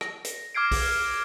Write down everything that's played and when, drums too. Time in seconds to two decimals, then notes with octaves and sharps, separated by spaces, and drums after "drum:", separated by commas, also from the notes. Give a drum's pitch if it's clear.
0.01 A#6, drum: rim click
0.24 drum: hi-hat
0.55 D6 F6 G#6 C7 D7
0.71 drum: kick B1, open hi-hat